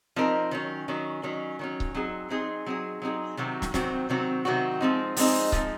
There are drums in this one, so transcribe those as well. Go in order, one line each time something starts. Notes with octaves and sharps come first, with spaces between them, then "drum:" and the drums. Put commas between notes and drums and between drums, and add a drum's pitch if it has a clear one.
F3 C4 D#4 A#4
D#3 F#3 C#4
D#3 F#3 C#4
D#3 F#3 C#4
D#3 F#3 C#4
drum: kick C#1
F#3 C4 D#4 G#4
F#3 C4 D#4 G#4
F#3 C4 D#4 G#4
F#3 C4 D#4 G#4
C3 D#3 F#3 C4 F#4
drum: snare
C3 D#3 F#3 C4 F#4, drum: snare
C3 D#3 F#3 C4 F#4
C3 D#3 F#3 C4 F#4
F3 G#3 C4 D#4
F3 G#3 C4 D#4, drum: open hi-hat
F3 G#3 C4 D#4, drum: kick C#1